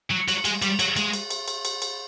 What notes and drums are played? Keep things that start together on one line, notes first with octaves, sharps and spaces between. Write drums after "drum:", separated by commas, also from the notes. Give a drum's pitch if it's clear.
F#3
F#3, drum: cymbal
G#3, drum: cymbal
G3, drum: cymbal
F#3, drum: cymbal
G#3, drum: cymbal
drum: cymbal
drum: cymbal
drum: cymbal
drum: cymbal
drum: cymbal